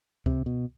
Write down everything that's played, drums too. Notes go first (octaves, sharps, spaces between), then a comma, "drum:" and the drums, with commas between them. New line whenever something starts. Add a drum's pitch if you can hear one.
C3, drum: kick C#2
B2